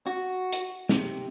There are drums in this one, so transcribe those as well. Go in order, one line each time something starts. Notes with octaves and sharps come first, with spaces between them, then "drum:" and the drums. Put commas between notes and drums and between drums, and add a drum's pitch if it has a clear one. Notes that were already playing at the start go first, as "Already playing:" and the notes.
F#4
drum: hi-hat
C3, drum: snare